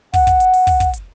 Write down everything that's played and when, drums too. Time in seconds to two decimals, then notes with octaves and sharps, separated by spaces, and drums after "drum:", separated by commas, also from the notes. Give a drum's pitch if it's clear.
0.14 F#5, drum: kick, open hi-hat
0.27 drum: kick, hi-hat
0.40 drum: hi-hat
0.54 drum: open hi-hat
0.67 drum: kick, open hi-hat
0.80 drum: kick, hi-hat
0.94 drum: hi-hat